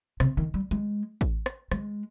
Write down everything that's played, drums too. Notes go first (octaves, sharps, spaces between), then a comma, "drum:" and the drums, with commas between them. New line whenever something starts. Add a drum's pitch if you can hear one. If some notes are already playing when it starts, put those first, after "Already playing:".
C3, drum: rim click
D#3
G3
G#3, drum: hi-hat
drum: kick A1, hi-hat
drum: rim click
G#3, drum: rim click